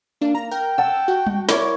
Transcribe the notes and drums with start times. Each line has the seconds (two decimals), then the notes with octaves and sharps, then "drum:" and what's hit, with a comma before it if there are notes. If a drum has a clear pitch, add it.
0.21 A#3 D4
0.35 A#5
0.51 A#4 G5
0.78 F#5 A5 E6
1.08 F#4
1.27 drum: tom G3
1.49 E4 A#4 C#5 D5, drum: snare